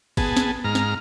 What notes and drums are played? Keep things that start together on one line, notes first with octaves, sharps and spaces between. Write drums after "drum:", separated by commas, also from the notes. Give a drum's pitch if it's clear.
B3 G#4 A5, drum: kick, cymbal
drum: snare
G#2 A#5 F6
drum: snare